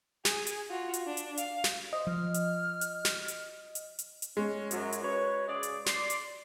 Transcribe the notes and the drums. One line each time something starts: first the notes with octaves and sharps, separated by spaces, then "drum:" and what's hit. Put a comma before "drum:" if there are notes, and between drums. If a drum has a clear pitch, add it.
G#4, drum: snare
drum: hi-hat
F4 F#4
drum: hi-hat
D4
drum: hi-hat
F5, drum: hi-hat
drum: snare
C5 D#5
F3 F6
drum: hi-hat
drum: hi-hat
drum: snare
drum: hi-hat
drum: hi-hat
drum: hi-hat
drum: hi-hat
G#3 C#4
F#2 F#3, drum: hi-hat
drum: hi-hat
F#4 B4 C#5
C#3 G#4 D5
drum: hi-hat
D5 C6, drum: snare
drum: hi-hat